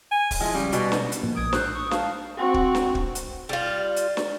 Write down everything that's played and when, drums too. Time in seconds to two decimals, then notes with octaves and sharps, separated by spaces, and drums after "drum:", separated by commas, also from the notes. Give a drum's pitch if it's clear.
0.12 G#5
0.31 drum: kick, open hi-hat
0.40 F3 G#3 E4
0.54 C#3 G3
0.73 B2 F#4, drum: hi-hat
0.92 drum: snare
1.12 drum: hi-hat
1.23 A2 F3 A#3
1.36 A#1 D#6 G#6 D7
1.53 C5 E6 F#6 G6 C7, drum: snare
1.73 C#6 D#6
1.91 F5 A5, drum: snare
2.37 C4 F#4
2.54 drum: kick
2.75 drum: snare
2.95 drum: kick
3.15 drum: hi-hat
3.49 G3 F4
3.97 drum: hi-hat
4.17 drum: snare